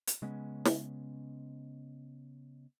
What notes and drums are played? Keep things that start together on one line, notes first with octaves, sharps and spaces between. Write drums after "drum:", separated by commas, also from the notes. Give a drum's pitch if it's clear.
drum: hi-hat
C#3 G#3 B3 C#4
drum: snare